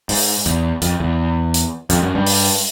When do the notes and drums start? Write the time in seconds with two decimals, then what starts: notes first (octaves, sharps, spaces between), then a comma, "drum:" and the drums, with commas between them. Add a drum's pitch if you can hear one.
0.09 G#2, drum: open hi-hat
0.46 E2, drum: hi-hat
0.82 F2, drum: hi-hat
1.00 E2
1.54 drum: hi-hat
1.90 F2, drum: hi-hat
2.02 F#2
2.15 G2
2.27 drum: open hi-hat